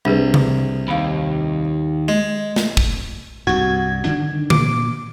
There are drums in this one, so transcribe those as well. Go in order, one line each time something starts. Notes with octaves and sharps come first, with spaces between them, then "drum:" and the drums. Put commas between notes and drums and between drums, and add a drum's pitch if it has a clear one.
C2 D4 G#4 B4
drum: tom C3
D#2 F5 B5
G#3
drum: snare
drum: kick
C2 G2 F#4 G#6
D3 D#3 D4
A#2 D6, drum: tom D3